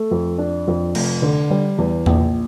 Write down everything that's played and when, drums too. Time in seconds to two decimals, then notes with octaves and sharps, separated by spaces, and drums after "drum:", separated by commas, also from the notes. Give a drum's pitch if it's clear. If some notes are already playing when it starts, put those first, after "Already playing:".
Already playing: A3
0.11 F2
0.38 D4
0.67 F2
0.95 F1, drum: cymbal
1.22 D3
1.50 G3
1.78 E2
2.06 A#1, drum: tom E2